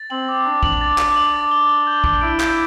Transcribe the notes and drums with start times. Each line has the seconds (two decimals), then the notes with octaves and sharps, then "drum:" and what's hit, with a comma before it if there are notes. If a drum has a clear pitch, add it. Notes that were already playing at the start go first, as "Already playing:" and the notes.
Already playing: A6
0.10 C4 F#7
0.29 D6
0.45 D4 D6
0.63 F#7, drum: kick
0.81 A6
0.98 D6, drum: clap
1.16 F#7
1.34 A6
1.51 G7
1.69 G7
1.87 G6
2.04 G7, drum: kick
2.21 E4 D7
2.40 G6, drum: clap